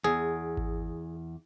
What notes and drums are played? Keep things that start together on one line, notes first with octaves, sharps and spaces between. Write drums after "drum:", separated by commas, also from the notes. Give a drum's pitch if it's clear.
E2 G#4
drum: kick G#1